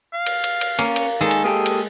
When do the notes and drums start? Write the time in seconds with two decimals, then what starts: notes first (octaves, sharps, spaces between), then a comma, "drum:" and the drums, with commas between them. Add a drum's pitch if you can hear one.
0.13 F5
0.26 drum: cymbal
0.44 drum: cymbal
0.61 drum: cymbal
0.79 A#3 C#4, drum: cymbal
0.96 drum: cymbal
1.21 D#3 G#3 A4
1.31 drum: cymbal
1.44 A#3 G4 A4 D#6
1.66 drum: cymbal